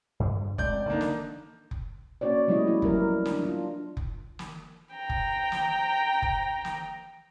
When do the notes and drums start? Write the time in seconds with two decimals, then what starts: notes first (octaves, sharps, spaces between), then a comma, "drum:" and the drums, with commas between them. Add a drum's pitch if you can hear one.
0.20 G2
0.58 A1 G#3 C4 D5 G6, drum: kick F1
0.90 D3 A#3 D4 D#4
1.01 drum: snare
1.71 drum: kick F1
2.21 A#3 C#4 F#4 C#5 D5
2.47 F3 G3 A3 B3 E4 D#5
2.67 G3 B3 E4
2.82 F#3 E4 A#4, drum: kick F1
3.25 D4, drum: snare
3.42 D4 F4
3.97 drum: kick F1
4.39 drum: snare
4.95 G5 A#5
5.09 drum: kick F1
5.52 drum: snare
6.22 drum: kick F1
6.65 drum: snare